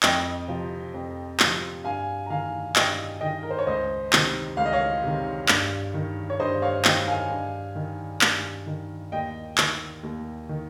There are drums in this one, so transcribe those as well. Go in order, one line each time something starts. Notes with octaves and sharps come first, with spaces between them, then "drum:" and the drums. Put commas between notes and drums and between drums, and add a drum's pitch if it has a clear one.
F2 D#5 G5, drum: clap
C3 F3
F2
C3 F3, drum: clap
G2 F5 G#5
A#5
D#3 F5 G#5
G2 D#5 G5, drum: clap
D#3 D#5 G5
A#4
C5
C#5
C#2 C5 D#5
C3 D#3, drum: clap
C#2 F5
D#5
C#5 F5
C3 D#3
G2, drum: clap
D#3
C#5
G2 C5 D#5
C#5 F5
D#3 D#5 G5, drum: clap
F5 G#5
G2
D#3
G2, drum: clap
D#3
D#2 D#5 G5
D#3, drum: clap
D#2
D#3